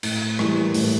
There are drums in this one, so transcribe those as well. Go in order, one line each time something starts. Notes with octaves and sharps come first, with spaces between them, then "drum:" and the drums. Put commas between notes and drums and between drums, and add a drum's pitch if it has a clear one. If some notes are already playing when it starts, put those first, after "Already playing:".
A2, drum: cymbal
E3 G3 A#3, drum: rim click
A2, drum: open hi-hat